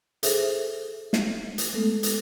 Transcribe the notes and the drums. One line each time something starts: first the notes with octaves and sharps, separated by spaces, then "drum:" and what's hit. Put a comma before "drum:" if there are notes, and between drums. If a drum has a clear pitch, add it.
G#4 A4 C5 E5, drum: hi-hat
drum: snare
drum: hi-hat
G#3 A3 B3 A4
drum: hi-hat